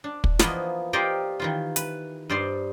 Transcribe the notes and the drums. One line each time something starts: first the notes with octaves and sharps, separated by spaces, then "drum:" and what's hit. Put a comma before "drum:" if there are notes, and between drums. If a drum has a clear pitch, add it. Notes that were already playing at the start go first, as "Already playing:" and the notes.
D4
drum: kick
E3 F3 A#3 B3 D#5, drum: snare
F4 G4 A#4 C5 D5 D#5
D#3 E3 F4
B4, drum: hi-hat
G2 C5 D5 D#5 C6